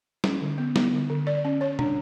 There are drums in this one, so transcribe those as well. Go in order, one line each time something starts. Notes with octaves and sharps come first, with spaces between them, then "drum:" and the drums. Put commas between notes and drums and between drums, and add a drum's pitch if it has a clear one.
C#4, drum: snare
D3
B3
B3, drum: snare
D3
D3
D5
C#4
C#5
D4, drum: tom B2